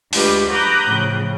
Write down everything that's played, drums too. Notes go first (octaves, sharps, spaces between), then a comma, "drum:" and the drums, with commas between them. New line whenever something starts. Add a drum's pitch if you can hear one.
D2 G#3 F4 G4 B4, drum: open hi-hat
A#5 B5 D6 D#6 F#6 G6
A2 C#3 F3